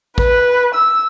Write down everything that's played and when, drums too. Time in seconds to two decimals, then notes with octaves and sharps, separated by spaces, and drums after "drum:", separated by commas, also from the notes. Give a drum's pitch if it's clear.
0.18 B4, drum: kick A1
0.75 E6